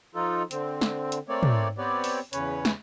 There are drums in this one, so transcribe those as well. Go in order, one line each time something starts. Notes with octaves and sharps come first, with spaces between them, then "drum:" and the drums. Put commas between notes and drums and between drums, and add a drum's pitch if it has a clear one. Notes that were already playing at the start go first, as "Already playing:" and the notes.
F3 D#4 F4 A4
D3 C4, drum: hi-hat
drum: snare
drum: hi-hat
A3 A#3 C4 C#5 D5
drum: tom
B3 C4 G4 B4 C#5 D5
drum: open hi-hat
E2 C#3 C#4 B4 C#5, drum: hi-hat
drum: snare